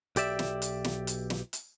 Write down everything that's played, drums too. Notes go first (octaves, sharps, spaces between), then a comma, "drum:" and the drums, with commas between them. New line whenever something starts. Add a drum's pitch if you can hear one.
B1 G4 D5 E5, drum: hi-hat
drum: snare
drum: hi-hat
drum: snare
drum: hi-hat
drum: snare
drum: hi-hat